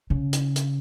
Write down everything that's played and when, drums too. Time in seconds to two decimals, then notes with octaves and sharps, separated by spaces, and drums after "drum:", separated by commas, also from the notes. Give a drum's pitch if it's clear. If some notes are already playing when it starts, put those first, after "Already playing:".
0.10 C#3
0.33 drum: hi-hat
0.56 drum: hi-hat